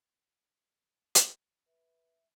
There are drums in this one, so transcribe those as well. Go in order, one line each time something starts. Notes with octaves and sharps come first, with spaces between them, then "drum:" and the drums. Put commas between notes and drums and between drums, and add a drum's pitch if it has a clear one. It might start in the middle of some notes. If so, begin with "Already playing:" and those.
drum: hi-hat
B4 E5